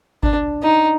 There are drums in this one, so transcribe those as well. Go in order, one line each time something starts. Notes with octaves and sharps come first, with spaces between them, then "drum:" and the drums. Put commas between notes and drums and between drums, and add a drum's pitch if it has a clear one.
D4, drum: kick G#1
D#4